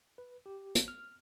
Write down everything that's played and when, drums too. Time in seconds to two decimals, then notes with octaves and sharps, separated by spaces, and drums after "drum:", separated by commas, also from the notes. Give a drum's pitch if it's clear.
0.18 B4
0.46 G4
0.75 A1, drum: hi-hat
0.88 F6